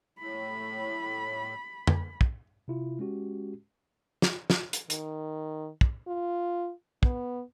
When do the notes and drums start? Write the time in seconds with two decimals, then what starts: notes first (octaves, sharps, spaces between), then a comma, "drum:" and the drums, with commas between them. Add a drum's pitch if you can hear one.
0.20 A2 B5
1.87 drum: tom F2
2.21 drum: kick
2.68 C3 E4 F4
2.99 G#3 C#4 F#4 G4
4.22 drum: snare
4.50 drum: snare
4.73 drum: hi-hat
4.90 D#3, drum: hi-hat
5.81 drum: kick
6.07 F4
7.03 B3, drum: kick